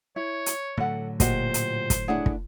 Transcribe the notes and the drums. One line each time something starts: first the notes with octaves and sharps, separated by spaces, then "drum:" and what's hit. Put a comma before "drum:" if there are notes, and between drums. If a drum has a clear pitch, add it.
E4 C#5
drum: hi-hat
A2 D3 F#3 A4 F#5
A#2 F#4 G4 C5 D#5, drum: kick, hi-hat
drum: hi-hat
drum: kick, hi-hat
A3 D4 E4 G#4 C#5 F#5
drum: kick